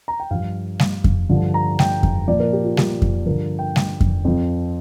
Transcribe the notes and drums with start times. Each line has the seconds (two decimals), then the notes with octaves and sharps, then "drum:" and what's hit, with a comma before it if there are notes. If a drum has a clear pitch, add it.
0.08 A#5
0.20 G5
0.30 G2 F3 F5
0.80 drum: snare G3
1.04 drum: kick F2
1.29 G2 D3 F3
1.54 A#5
1.79 G5, drum: snare G3
2.03 drum: kick F2
2.28 A#2 F3 D5
2.40 A#4
2.53 G4
2.65 F4
2.77 G4, drum: snare G3
3.02 drum: kick F2
3.26 G2 D3 F3 A#4
3.59 G5
3.76 drum: snare G3
4.01 drum: kick F2
4.25 F2 F3